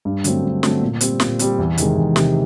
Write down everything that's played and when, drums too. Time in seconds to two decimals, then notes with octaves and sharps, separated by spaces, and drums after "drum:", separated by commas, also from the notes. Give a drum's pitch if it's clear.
0.05 G2
0.24 D3 F#3 A3 C4, drum: hi-hat
0.44 G2
0.63 D3 F#3 A3 C4, drum: snare
0.82 A#2
1.01 G3 C4, drum: hi-hat
1.20 A#2, drum: snare
1.39 G3 C4, drum: hi-hat
1.58 E2
1.78 C3 D#3 G#3, drum: hi-hat
1.97 E2
2.16 C3 D#3 G#3, drum: snare